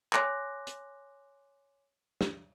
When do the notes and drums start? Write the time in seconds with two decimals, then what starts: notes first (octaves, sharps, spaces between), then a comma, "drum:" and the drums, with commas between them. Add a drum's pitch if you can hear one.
0.13 C#5 G#5 C6 D6 F#6 A#6, drum: clap
0.67 drum: hi-hat
2.21 drum: snare